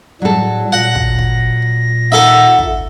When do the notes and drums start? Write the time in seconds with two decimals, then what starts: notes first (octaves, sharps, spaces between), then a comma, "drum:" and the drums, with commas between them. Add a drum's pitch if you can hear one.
0.22 A2 F#3 G3 A4
0.72 A#2 F#5 A#6
0.95 drum: kick
1.19 drum: kick
2.12 D#4 A4 E5 F#5
2.59 drum: kick